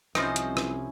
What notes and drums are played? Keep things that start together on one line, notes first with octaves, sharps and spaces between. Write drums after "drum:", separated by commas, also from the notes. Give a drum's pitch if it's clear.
C2 F3 C4 C#4 D#4 E4 C5 D#5, drum: rim click
drum: hi-hat
drum: rim click